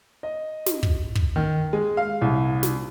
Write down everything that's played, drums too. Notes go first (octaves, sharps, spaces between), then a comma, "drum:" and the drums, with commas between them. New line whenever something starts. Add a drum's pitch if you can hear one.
D#5
drum: snare
drum: kick
drum: kick
D#3
G#3
F5
C2
drum: snare